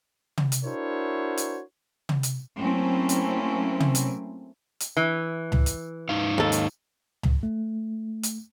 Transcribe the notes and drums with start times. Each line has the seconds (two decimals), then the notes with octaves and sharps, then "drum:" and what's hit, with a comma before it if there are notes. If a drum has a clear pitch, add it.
0.37 drum: tom
0.52 drum: hi-hat
0.64 D4 E4 F#4 A#4 C5 C#5
1.38 drum: hi-hat
2.09 drum: tom
2.23 drum: hi-hat
2.61 F#3 A3 A#3 C4 C#4 E4
3.09 drum: hi-hat
3.80 drum: tom
3.95 drum: hi-hat
4.80 drum: hi-hat
4.97 E3
5.52 drum: tom C#2
5.66 drum: hi-hat
6.09 G#2 D#4 F5
6.38 D#2 A4
6.52 drum: hi-hat
7.23 drum: tom C#2
7.43 A3
8.23 drum: hi-hat